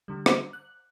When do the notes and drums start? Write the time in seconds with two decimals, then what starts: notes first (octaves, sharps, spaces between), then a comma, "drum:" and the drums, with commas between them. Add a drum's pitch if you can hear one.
0.08 D3 G3
0.26 drum: rim click
0.53 F#6